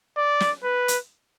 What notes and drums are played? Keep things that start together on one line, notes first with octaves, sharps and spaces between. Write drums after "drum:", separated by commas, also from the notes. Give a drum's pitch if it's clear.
D5
drum: snare
B4
drum: hi-hat